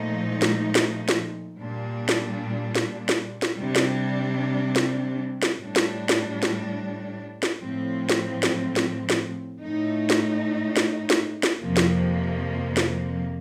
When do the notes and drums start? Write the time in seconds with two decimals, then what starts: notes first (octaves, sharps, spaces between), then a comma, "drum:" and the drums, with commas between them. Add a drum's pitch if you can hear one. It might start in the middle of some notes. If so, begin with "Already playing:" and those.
Already playing: A#2 F3 A3 D#4
0.42 drum: snare
0.75 drum: snare
1.09 drum: snare
1.58 A#2 G3 D4
2.09 drum: snare
2.75 drum: snare
3.09 drum: snare
3.42 drum: snare
3.59 C3 G3 D4
3.76 drum: snare
4.76 drum: snare
5.42 drum: snare
5.59 A2 G3 D4
5.76 drum: snare
6.09 drum: snare
6.43 drum: snare
7.43 drum: snare
7.59 A2 F3 C4
8.09 drum: snare
8.43 drum: snare
8.76 drum: snare
9.10 drum: snare
9.60 A2 A3 D#4
10.10 drum: snare
10.77 drum: snare
11.10 drum: snare
11.43 drum: snare
11.60 F2 C3 F3 A#3
11.77 drum: snare
12.77 drum: snare